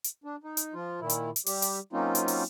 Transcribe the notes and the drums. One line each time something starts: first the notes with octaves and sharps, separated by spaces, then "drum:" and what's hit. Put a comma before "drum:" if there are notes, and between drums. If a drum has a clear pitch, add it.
drum: hi-hat
D4
D#4
drum: hi-hat
F3 F4
A#2 D#3 E4
drum: hi-hat
drum: hi-hat
G3 G4, drum: open hi-hat
drum: hi-hat
F#3 A#3 C4 C#4 D#4 F4
drum: hi-hat
drum: open hi-hat